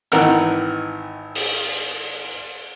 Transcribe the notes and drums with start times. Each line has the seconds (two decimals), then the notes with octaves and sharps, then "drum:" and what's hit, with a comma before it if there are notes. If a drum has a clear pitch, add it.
0.12 G#1 D#3 E3 A#4 F#5 F6, drum: hi-hat
1.35 drum: open hi-hat